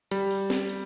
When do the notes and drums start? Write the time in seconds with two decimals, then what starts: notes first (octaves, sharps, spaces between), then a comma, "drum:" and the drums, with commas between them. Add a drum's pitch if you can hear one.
0.11 G3, drum: hi-hat
0.31 drum: open hi-hat
0.50 drum: snare
0.69 drum: hi-hat